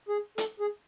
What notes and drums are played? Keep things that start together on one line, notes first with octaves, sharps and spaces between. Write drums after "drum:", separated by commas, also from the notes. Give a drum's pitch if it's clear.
G#4
A4, drum: hi-hat
G#4